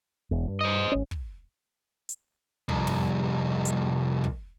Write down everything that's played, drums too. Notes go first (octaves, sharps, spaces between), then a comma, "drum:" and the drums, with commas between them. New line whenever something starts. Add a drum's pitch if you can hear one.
E1 E2
G2
C5 D#5
G#1 C#4
drum: kick
drum: hi-hat
C2 F2, drum: kick
drum: tom
drum: hi-hat
drum: kick